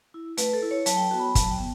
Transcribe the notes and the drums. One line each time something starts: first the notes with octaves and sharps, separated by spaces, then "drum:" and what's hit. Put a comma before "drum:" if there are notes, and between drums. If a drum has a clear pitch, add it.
E4
A3 B4, drum: hi-hat
A4
E4
C#5
F#3 A5, drum: hi-hat
G5
A5
B3 F#4
B5
F#3 A5, drum: kick, hi-hat
G5
B3